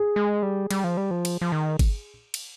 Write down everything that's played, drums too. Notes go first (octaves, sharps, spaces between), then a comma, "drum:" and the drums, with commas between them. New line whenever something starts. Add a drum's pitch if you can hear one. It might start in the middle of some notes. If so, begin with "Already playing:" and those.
Already playing: G#4
G#3
G3
G3, drum: cymbal
F3
G3
F3
drum: cymbal
F3
D#3
drum: kick G1, cymbal
drum: cymbal